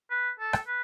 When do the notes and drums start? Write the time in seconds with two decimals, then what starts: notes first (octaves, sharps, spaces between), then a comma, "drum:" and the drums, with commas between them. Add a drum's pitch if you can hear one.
0.10 B4
0.39 A4
0.53 drum: rim click
0.67 B4